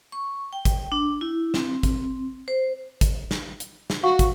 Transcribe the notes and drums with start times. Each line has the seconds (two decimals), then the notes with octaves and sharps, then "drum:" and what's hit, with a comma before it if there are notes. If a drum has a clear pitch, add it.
0.12 C#6
0.53 G5
0.65 drum: kick, hi-hat
0.92 D4
1.21 E4
1.54 C4, drum: snare
1.83 drum: kick, hi-hat
2.48 C5
3.01 drum: kick, hi-hat
3.31 drum: snare
3.60 drum: hi-hat
3.90 drum: snare
4.03 F#4 F5 F#5 C#6
4.19 drum: kick, hi-hat